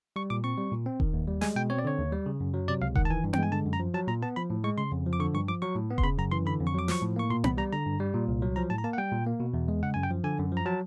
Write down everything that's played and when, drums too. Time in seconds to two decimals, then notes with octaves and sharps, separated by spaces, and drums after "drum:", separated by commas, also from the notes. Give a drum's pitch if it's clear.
0.16 G3 C#6
0.30 A#2 D6
0.44 C4 C#6
0.58 G3
0.72 A#2
0.86 C4
1.00 D#3, drum: kick E1
1.14 D#2
1.28 G3
1.41 G#3 G#5, drum: snare
1.56 B2 G5
1.70 C4 C#5
1.79 D5
1.85 D3 C#5
1.98 D#2
2.12 G3
2.26 C#3
2.40 F#2
2.54 F#3
2.68 C3 D5
2.82 C#2 F5
2.95 D#3 F#5, drum: kick E1
3.05 A5
3.10 E3 G#5
3.24 G2
3.33 G5, drum: tom B3
3.38 G#3 G#5
3.52 D3 A5
3.66 F#2
3.73 A#5
3.80 F3
3.94 F#3 A5
4.07 A#2 A#5
4.22 B3 A5
4.36 F3 B5
4.50 A2
4.64 G#3 C#6
4.78 C#3 C6
4.92 F2
5.06 F3
5.13 D6
5.19 D3 C#6
5.34 G2 C#6
5.48 F3 D6
5.62 F#3 C#6
5.76 A2
5.90 B3
5.98 C6, drum: kick E1
6.03 C#3 B5
6.18 F#2 A#5
6.31 E3 C6
6.45 D3 B5
6.61 F2
6.67 C#6
6.74 F#3 D6
6.88 F3 C#6, drum: snare
7.02 A2
7.16 A#3 C#6
7.30 A#2 C6
7.44 C2 B5, drum: tom B3
7.58 G3 A#5
7.72 D3 A#5
7.86 G2
8.00 G3
8.14 A#2
8.28 C2
8.42 F#3
8.56 F3 A#5
8.70 A2 A5
8.78 A#5
8.84 A#3 A5
8.93 F#5
8.98 G3 G5
9.12 A#2
9.27 A#3
9.40 B2
9.54 E2
9.68 G#3
9.83 C#3 F#5
9.94 F#2 G#5
10.03 G5
10.11 F3
10.24 D3 G#5
10.39 F#2
10.52 F3 A#5
10.66 F#3 A5